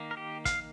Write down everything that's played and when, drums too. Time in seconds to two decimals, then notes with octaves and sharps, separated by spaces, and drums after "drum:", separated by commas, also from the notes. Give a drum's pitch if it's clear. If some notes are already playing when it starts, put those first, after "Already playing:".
Already playing: D#3 A#3
0.11 A#4
0.17 G4
0.45 F5, drum: kick, hi-hat